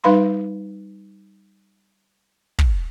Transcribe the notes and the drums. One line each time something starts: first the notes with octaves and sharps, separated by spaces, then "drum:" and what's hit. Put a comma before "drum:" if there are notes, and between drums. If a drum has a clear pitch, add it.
G3 D#4 B4 F5 B5 C6
drum: kick